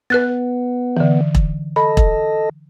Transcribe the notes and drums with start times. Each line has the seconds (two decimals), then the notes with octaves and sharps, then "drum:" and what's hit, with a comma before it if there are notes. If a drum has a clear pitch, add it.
0.10 B3 B4 F#6 A6
0.97 D3 E3
1.35 drum: kick E1
1.76 A4 D#5 B5
1.97 drum: kick E1